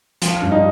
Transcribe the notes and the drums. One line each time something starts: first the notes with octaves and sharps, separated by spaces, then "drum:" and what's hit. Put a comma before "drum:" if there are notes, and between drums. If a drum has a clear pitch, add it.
F3, drum: hi-hat
G2
D#4